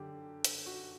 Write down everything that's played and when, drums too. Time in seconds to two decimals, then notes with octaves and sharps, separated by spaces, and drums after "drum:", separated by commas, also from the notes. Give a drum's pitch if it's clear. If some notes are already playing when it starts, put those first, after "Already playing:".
Already playing: F#2 D3 G4
0.44 drum: hi-hat
0.66 F#4